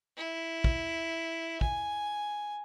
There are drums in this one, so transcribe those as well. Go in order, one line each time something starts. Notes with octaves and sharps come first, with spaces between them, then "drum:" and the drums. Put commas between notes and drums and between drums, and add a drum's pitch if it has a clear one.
E4
drum: kick
G#5, drum: kick